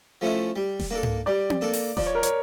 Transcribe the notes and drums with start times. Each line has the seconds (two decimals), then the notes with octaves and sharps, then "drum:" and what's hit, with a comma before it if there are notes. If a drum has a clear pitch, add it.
0.21 F3 A3 C#4 E4
0.56 G3
0.79 drum: snare D#1
0.91 A#3 D4 A4
1.03 drum: tom G#2
1.26 G3 D5
1.50 drum: tom C4
1.61 A#3 D4 A4
1.73 drum: open hi-hat
1.97 F3 D5, drum: snare D#1
2.06 C#5
2.15 A#4
2.23 C#5, drum: hi-hat